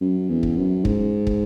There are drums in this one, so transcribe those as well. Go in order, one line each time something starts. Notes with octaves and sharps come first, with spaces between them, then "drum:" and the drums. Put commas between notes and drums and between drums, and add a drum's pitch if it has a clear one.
F#2
E2
drum: kick
F#2
G#2, drum: kick
drum: kick